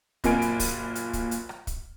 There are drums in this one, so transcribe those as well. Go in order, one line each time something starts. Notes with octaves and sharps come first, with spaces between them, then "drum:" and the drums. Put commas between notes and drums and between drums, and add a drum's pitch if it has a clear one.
F#1 A#2 A#3 F4 G#5 D7, drum: kick, hi-hat
drum: hi-hat
drum: kick, open hi-hat
drum: hi-hat
drum: kick, hi-hat
drum: hi-hat
drum: rim click
drum: kick, hi-hat